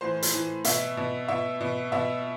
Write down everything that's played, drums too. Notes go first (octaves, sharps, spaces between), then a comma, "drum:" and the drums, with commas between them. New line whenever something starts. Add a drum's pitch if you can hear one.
A2 E3 C5
drum: hi-hat
A2 E3
B2 E5, drum: hi-hat
B2
B2 E5
B2
B2 E5